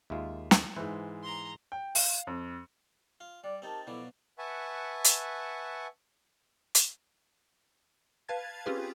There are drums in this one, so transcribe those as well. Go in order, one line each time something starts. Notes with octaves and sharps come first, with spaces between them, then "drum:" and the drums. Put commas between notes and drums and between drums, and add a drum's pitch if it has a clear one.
D#2 G#3 F4 E5
drum: snare
G#2 E3 E4 B4 C5
A#5 C6
G5
F5, drum: open hi-hat
F2
F4
G3 D5
C4 D#4 G4 A#4 A5
B2 F3 F#3 E4 A4 D5
B4 E5 F#5 G#5 A5 C#6
drum: hi-hat
drum: hi-hat
B4 F5 A5 G#6 A6
C4 C#4 F4 G4 G#4 B4